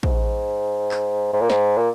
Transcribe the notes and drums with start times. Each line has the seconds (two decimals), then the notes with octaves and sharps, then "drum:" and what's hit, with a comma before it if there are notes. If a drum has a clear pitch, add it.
0.03 G#2, drum: kick
0.91 drum: clap
1.33 G#2
1.41 A#2
1.50 G#2, drum: snare
1.77 A#2